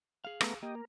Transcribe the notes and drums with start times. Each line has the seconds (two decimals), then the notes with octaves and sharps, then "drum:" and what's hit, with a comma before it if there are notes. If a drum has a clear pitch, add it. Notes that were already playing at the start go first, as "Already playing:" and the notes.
0.25 G#4 F5
0.41 A3 B3 A#5, drum: rim click
0.63 A#3 G4 D#5
0.75 A#4